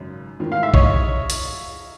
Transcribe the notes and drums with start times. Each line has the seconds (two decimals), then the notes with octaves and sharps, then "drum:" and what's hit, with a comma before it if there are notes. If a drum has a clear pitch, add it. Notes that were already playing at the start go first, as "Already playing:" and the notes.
Already playing: G#1 F#2 C#3
0.40 A1 G#2 D#3
0.52 F5
0.63 E5
0.74 C#5 D#5, drum: kick
1.30 drum: hi-hat